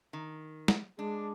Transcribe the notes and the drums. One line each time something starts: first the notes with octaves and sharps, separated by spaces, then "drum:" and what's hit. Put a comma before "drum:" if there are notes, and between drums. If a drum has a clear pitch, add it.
D#3
drum: snare
G#3 D4